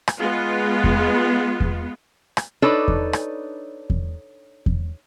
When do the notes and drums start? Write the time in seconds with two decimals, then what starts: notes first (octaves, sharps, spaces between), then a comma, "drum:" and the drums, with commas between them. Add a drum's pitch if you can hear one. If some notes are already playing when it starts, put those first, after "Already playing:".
0.08 drum: rim click
0.18 G#3 B3 F4
0.84 drum: kick E2
1.60 drum: kick E2
2.37 drum: rim click
2.62 D4 D#4 A4 B4 C#5 D5
2.88 drum: kick E2
3.13 drum: rim click
3.90 drum: kick E2
4.66 drum: kick E2